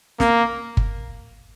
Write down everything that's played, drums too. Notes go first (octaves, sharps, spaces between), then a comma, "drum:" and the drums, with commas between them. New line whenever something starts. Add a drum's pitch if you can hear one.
A#3, drum: snare
drum: kick G1